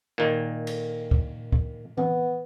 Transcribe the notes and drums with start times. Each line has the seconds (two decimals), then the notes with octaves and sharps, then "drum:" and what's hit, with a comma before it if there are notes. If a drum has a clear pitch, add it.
0.18 A#2 D#3
0.67 drum: cymbal
1.11 drum: kick
1.52 drum: kick
1.98 B3, drum: tom E3